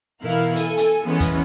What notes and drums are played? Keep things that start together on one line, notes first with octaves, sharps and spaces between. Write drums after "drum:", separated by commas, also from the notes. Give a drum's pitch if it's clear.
B2 E3 E4 A#4 F5 F#6
A4 G#5, drum: hi-hat
drum: hi-hat
E3 G#3 B3 C#4
drum: kick, hi-hat